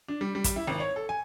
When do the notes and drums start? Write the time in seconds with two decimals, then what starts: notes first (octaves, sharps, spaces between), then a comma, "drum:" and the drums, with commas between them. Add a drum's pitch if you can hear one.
0.08 D4
0.21 G3
0.35 G3
0.44 drum: kick, hi-hat
0.56 E4
0.67 G#1
0.80 C#5
0.96 A4
1.09 G#5